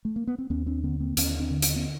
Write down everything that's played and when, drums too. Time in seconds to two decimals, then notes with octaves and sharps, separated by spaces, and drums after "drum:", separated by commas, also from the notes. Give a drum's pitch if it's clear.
0.05 A3
0.16 A#3
0.27 B3
0.38 C4
0.50 D#2 B3 C#4
0.66 C4 D4
0.83 D3 B3 C#4
1.00 A#3 C4
1.17 D#2 B3 C#4, drum: hi-hat
1.40 C4 D4
1.51 D3
1.62 C#4, drum: hi-hat
1.69 C4
1.76 B3 C#4